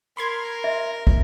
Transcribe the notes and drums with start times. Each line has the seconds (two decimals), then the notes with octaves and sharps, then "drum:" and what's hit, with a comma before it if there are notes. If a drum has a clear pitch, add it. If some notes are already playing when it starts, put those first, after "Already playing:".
0.17 A#4 B5 C6 G#6
0.64 E5
1.07 drum: kick